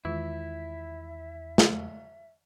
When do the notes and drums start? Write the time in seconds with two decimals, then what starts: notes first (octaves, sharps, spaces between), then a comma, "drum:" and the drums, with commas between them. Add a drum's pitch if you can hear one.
0.05 E2 D#3 G#3 E4 F4 E5
1.58 drum: snare